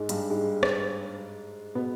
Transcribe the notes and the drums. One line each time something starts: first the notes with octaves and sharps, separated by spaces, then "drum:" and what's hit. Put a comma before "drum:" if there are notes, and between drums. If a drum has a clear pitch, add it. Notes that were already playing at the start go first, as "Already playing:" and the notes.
Already playing: G#2 G#3
G2 G3, drum: hi-hat
G#2 G#3
drum: rim click
B2 B3